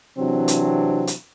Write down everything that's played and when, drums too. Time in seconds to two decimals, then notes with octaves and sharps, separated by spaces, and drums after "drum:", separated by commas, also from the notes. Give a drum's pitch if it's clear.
0.18 C3 E3 F#3 C4 D4
0.48 drum: hi-hat
1.07 drum: hi-hat